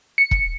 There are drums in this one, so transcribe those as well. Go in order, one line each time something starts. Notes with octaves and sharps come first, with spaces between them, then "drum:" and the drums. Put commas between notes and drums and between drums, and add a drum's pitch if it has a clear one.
C#7
drum: kick